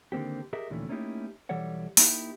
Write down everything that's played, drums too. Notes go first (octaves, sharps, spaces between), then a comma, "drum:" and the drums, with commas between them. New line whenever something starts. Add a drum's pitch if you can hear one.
D3 D#3 A#3 C4 G4
G4 G#4 A#4 D#5 E5
D2 A#2 D#3 E3 A3 C#4
A3 A#3 C#4 D#4 E4 G4
B1 E3 G3 A4 C#5 F#5
A#3 D#4 E4 G4, drum: open hi-hat